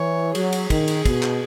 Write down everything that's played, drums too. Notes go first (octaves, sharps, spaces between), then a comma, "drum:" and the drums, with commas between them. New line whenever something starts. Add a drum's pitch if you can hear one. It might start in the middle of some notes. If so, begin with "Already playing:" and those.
Already playing: E3 C#5
F#3 G#4, drum: cymbal
drum: cymbal
D#3, drum: kick, cymbal
drum: cymbal
B2, drum: kick, cymbal
drum: clap